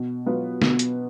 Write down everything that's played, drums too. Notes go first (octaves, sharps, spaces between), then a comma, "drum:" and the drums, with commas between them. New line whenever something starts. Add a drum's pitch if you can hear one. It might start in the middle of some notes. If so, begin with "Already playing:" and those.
Already playing: B2
F#3 B3 F4 B4
B2, drum: snare
drum: hi-hat